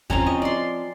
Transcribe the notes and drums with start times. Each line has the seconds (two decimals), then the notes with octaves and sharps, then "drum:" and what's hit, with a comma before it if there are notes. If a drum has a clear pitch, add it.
0.10 F3 C4 C#4 G#5 A#5, drum: kick E2
0.26 D#5
0.42 D5 C6